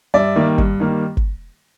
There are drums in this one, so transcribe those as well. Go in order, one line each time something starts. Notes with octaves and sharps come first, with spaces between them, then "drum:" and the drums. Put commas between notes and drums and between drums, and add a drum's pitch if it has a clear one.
G2 D5 E5
D#3 G3 A#3
G2, drum: kick G1
D#3 G3 A#3
drum: kick G1